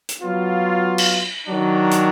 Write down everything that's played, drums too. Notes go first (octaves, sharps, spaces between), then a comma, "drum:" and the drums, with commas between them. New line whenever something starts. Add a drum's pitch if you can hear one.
drum: hi-hat
F#3 B3 F4
drum: cymbal
D#3 F#3 D4
drum: hi-hat